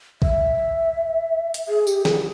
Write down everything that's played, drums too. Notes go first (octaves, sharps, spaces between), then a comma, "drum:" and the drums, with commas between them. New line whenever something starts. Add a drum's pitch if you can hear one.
E5, drum: kick
drum: hi-hat
G#4
G4, drum: tambourine
G#4, drum: snare